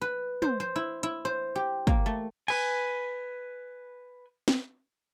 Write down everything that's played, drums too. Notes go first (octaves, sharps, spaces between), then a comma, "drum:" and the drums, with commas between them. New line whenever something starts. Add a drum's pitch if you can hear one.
B4
C5, drum: tom
C5
E4
E4, drum: hi-hat
C5
G4
A#3, drum: kick
A3
B4 G#5, drum: cymbal
drum: snare